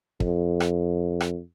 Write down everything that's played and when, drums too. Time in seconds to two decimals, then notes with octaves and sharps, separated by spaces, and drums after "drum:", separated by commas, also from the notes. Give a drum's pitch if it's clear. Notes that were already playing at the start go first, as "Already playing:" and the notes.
0.20 F2, drum: kick
0.60 drum: rim click
1.20 drum: rim click